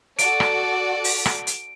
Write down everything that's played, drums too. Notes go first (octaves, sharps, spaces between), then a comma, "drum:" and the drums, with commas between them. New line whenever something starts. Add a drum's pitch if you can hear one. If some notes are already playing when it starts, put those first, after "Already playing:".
F#4 A4 D5 D7, drum: hi-hat
drum: rim click
drum: open hi-hat
drum: rim click
drum: hi-hat